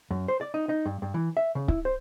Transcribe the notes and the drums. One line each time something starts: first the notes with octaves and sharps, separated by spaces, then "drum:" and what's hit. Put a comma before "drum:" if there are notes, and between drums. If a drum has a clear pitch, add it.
F#2
C5
D5
D#4
D#4
G2
G2
E3
E5
C#3
E4, drum: kick C#1
C5